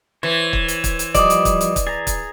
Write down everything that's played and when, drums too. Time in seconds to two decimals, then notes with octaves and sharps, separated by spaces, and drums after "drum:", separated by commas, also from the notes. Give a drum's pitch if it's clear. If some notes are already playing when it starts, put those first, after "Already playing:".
0.23 E3 C5 C#5
0.53 drum: kick
0.68 drum: hi-hat
0.84 drum: kick, hi-hat
0.99 drum: hi-hat
1.15 F3 G3 D5 D#5 D6 D#6, drum: kick, hi-hat
1.30 drum: hi-hat
1.45 drum: kick, hi-hat
1.61 drum: hi-hat
1.76 drum: kick, hi-hat
1.87 G#4 A#5 A6
2.07 drum: kick, hi-hat